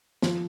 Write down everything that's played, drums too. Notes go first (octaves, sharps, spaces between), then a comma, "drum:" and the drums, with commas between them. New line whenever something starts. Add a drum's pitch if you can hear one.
F3, drum: snare